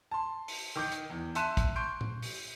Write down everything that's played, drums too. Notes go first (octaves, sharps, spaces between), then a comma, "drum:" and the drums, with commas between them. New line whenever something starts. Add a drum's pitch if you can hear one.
A5 C6
drum: open hi-hat
D#3 D6 G6
drum: hi-hat
E2
E5 A5 C6 F#6 D#7 E7, drum: hi-hat
drum: kick, hi-hat
C6 C#6 G6 D7
drum: tom
drum: open hi-hat